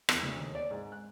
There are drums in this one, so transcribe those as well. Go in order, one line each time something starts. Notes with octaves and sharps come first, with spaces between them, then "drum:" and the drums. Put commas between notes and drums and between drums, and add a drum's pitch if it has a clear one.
E2, drum: rim click
D2
D#2
D5
G#2
F#6